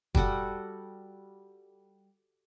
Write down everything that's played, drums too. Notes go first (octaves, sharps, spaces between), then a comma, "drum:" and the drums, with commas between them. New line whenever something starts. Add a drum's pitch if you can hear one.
G3 F#4 A4 F#5, drum: kick